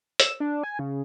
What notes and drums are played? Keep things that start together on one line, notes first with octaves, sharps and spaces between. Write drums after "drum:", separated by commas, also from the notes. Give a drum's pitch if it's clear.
E6, drum: hi-hat
D4
G#5
C#3